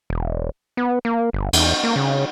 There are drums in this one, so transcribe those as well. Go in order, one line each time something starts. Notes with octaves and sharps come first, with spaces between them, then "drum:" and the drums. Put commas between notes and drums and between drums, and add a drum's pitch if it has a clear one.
E1
B3
A#3
G1
E2, drum: cymbal
A#3
C#3